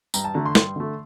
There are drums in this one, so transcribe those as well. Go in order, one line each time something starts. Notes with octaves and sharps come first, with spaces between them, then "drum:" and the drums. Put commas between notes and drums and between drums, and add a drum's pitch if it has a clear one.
G2 A#5, drum: tambourine
A5
D3 A3 A#5
C6
G2, drum: snare
D3 A3